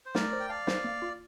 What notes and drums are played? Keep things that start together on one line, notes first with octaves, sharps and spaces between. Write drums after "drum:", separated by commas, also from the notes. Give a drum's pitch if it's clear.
C5
A3 A#4 D5, drum: snare
C5
G5
D5 F5 A5
C5, drum: snare
A#3
F4